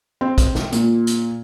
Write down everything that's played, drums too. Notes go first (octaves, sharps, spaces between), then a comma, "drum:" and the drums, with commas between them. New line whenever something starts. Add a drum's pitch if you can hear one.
C4
drum: kick, hi-hat
drum: snare
A#2, drum: hi-hat
drum: hi-hat